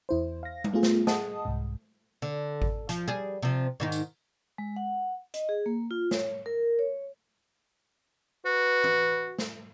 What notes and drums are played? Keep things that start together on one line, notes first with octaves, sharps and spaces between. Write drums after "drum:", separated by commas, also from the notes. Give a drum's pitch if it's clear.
E2 E4 C5
F5 A#6
drum: tom G3
A3 B3 F4 G#4
drum: snare
G#4 D#5 F#5 A5 D#6, drum: snare
C2 G#2
D3
drum: kick G#1
F3, drum: hi-hat
G3 G#4
C3 F3
G#2 D#3 D#4
drum: tambourine
G#3
F#5
D#5, drum: hi-hat
G#4
A#3
F4
C#5, drum: snare
A#4
C#5
F#4 B4
drum: tom
drum: snare